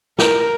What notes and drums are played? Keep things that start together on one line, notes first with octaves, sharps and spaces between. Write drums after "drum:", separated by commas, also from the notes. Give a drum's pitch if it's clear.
A#4, drum: snare